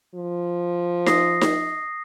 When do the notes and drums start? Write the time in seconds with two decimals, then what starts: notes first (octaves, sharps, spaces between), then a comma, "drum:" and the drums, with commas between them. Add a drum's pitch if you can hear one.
0.15 F3
1.06 D#6 A#6 C7, drum: snare D#4
1.41 drum: snare D#4